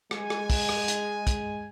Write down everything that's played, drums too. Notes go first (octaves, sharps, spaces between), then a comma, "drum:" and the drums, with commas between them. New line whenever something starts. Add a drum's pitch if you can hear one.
G#3 G#5, drum: rim click
drum: rim click
drum: kick, open hi-hat
drum: rim click
drum: hi-hat
drum: kick, hi-hat